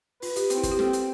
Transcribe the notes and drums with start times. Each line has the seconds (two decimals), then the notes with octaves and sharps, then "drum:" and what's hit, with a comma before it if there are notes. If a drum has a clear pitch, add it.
0.22 F4 B4, drum: open hi-hat
0.36 G4, drum: hi-hat
0.50 C4, drum: hi-hat
0.57 E4
0.63 F4, drum: kick, hi-hat
0.72 G4
0.79 C4 A4, drum: snare
0.93 drum: hi-hat